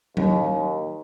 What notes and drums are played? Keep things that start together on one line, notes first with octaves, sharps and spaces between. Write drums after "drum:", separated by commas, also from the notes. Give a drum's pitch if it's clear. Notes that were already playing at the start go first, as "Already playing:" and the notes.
D#2, drum: tom F#3